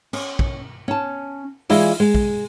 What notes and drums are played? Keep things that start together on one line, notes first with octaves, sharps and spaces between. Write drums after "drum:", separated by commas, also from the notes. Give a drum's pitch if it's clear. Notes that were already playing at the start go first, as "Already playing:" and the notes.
C#4, drum: cymbal
drum: kick
C#4 A5
E3 G#3 E4 F4 D5, drum: open hi-hat
G#3
drum: kick